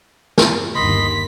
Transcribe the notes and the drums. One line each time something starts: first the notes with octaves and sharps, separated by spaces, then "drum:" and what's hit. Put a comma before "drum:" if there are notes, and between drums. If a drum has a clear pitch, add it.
drum: snare
G1 D#2 D#5 B5 C6 B6